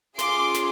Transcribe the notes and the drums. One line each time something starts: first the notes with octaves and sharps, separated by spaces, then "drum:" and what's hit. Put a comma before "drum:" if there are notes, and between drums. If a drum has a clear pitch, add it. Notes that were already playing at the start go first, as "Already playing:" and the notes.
C#4 F4 G#4 C6 D6, drum: snare
drum: snare